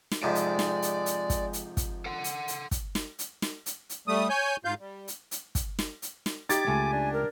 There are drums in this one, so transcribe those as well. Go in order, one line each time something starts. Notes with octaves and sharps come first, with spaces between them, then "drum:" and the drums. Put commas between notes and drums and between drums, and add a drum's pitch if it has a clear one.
drum: snare
F2 G#2 C3 G#3 D5
drum: hi-hat
drum: snare
drum: hi-hat
drum: hi-hat
drum: kick, hi-hat
drum: hi-hat
drum: kick, hi-hat
A4 F#5
drum: hi-hat
drum: hi-hat
drum: kick, hi-hat
drum: snare
drum: hi-hat
drum: snare
drum: hi-hat
drum: hi-hat
G3 A3 D#6
C#5 G#5 G6
G#2 F4 F5 G6
G3
drum: hi-hat
drum: hi-hat
drum: kick, hi-hat
drum: snare
drum: hi-hat
drum: snare
D#4 G4 D6 G#6 A6, drum: hi-hat
C#2 A3 G#5
D4
A#4